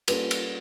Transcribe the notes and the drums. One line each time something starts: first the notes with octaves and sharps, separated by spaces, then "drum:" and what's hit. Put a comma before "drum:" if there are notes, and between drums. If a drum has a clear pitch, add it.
G3 A#3 C#4 F4 A4 B4, drum: cymbal
drum: cymbal